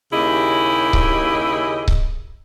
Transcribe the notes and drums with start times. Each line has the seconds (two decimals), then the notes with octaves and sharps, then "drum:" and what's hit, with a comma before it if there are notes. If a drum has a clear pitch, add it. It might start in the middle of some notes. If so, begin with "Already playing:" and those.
0.12 D#2 C#3 E4 G4 G#4 D#5
0.93 drum: kick C#1
1.88 drum: kick C#1